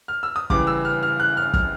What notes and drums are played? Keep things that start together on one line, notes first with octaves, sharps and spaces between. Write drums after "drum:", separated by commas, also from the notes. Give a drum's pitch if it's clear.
F6
E6
D#6
C#3 E3 G3 D6, drum: kick
E6
F6
F6
F#6
F6
F6, drum: kick